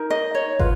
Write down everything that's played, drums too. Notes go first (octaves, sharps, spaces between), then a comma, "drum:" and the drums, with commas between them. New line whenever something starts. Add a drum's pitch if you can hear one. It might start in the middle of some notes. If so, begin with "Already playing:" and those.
Already playing: D#4 A#4
D#5
C#5
F4 B4, drum: kick